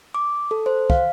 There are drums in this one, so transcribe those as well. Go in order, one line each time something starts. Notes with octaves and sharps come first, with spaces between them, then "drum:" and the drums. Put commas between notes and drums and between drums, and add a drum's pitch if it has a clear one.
D6
A4
C5
F5, drum: kick